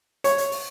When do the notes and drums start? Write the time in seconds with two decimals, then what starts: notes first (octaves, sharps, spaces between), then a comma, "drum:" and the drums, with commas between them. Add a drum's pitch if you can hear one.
0.24 C#5, drum: hi-hat
0.38 drum: hi-hat
0.52 drum: open hi-hat